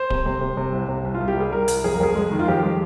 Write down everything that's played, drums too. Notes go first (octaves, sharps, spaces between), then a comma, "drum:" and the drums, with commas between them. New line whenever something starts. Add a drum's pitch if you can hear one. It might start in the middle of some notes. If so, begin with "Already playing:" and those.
Already playing: C5
C3, drum: kick D1
C3
C3
C3
C2
C3
C2
F4
C2
G4
G3 G#4
C2 A#4
C2, drum: hi-hat
F2 G#4
A#4
F2 G#4
G#3
D#3
F4
F2 G4
G#3